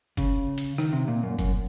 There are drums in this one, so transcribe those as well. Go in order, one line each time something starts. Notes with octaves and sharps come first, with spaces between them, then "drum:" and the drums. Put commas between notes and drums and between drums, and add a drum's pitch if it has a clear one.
C#3, drum: kick F#1, hi-hat
drum: hi-hat
D#3, drum: rim click
C3
A#2
F#2
F#2, drum: kick F#1, hi-hat